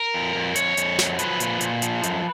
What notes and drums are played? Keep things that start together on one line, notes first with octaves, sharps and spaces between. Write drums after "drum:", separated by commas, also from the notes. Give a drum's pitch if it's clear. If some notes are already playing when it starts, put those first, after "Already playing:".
Already playing: A#4
F2
F2
F2 C#5, drum: hi-hat
F2, drum: hi-hat
F#3, drum: snare
F3 B4, drum: hi-hat
A#2, drum: hi-hat
A#2, drum: hi-hat
F3, drum: hi-hat
F#2, drum: hi-hat